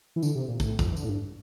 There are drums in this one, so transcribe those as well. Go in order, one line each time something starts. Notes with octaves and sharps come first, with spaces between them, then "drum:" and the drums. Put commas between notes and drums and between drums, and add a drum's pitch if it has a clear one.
E3
D3, drum: tambourine
C3
A#2
A2, drum: kick, tambourine
F2, drum: kick, tambourine
E3
D3, drum: tambourine
A2
G2